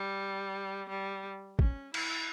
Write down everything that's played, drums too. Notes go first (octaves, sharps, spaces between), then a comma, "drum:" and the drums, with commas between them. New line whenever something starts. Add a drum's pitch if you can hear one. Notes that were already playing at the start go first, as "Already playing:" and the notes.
Already playing: G3
G3
C#4, drum: kick
E4, drum: cymbal